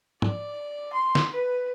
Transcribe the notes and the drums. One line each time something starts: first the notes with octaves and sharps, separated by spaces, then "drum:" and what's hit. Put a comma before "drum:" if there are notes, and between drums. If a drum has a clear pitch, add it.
D5, drum: tom
C6
drum: snare
B4